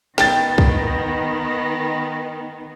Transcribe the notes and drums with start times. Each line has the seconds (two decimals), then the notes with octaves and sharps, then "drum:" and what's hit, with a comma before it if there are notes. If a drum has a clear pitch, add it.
0.18 D#3 B3 G5 A6, drum: snare
0.58 drum: kick